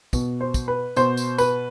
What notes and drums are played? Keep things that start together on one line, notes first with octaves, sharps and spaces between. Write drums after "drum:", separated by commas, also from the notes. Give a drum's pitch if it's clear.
B2, drum: kick, tambourine
C5
drum: kick, tambourine
B4
B2 C5, drum: tambourine
drum: tambourine
B4, drum: tambourine